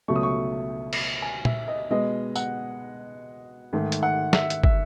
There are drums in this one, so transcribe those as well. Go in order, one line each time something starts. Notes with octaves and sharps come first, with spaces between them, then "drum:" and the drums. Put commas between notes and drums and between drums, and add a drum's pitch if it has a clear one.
C#2 B2 F#3 A3 C#6
D#6
C#6
drum: cymbal
G#5
E5, drum: tom A#2
D#5
B2 G#3 B3 D#5
F#5, drum: tambourine
G#2 D#3 A3
drum: hi-hat
F#5
E5, drum: snare
drum: hi-hat
E5, drum: kick